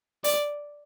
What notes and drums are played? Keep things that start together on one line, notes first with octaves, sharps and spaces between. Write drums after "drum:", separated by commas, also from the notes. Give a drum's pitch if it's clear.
D5, drum: open hi-hat